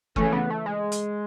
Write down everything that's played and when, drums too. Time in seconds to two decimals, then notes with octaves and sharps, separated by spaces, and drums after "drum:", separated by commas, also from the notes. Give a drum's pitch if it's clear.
0.16 C#3 E3 A3 C#4, drum: kick F#1
0.32 B3
0.50 A3
0.66 G#3
0.92 drum: hi-hat